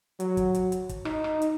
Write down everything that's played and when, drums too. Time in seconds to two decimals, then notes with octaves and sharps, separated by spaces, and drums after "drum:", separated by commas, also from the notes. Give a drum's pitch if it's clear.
0.20 F#3, drum: hi-hat
0.37 drum: kick, hi-hat
0.55 drum: hi-hat
0.72 drum: hi-hat
0.89 drum: kick, hi-hat
1.05 D#4, drum: rim click
1.24 drum: rim click
1.42 drum: hi-hat